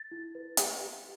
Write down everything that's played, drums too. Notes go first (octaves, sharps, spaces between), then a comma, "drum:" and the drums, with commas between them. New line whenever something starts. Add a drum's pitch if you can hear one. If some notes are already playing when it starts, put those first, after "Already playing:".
Already playing: A6
E4
B4
G4, drum: hi-hat
G4